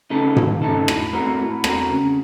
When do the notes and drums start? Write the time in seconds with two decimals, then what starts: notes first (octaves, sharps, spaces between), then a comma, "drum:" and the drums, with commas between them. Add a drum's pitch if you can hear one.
0.10 C#3 A3 D#4 A4
0.36 D#2, drum: tom G#2
0.62 C#3 A3 D#4 A4
0.88 A2, drum: rim click
1.13 A3 C4 F#4 A#4
1.39 A2
1.64 A3 C4 F#4 A#4, drum: rim click
1.90 C#3